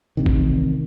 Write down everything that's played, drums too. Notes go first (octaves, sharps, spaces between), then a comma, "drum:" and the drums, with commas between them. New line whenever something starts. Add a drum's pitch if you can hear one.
A1 C3 D#3
drum: kick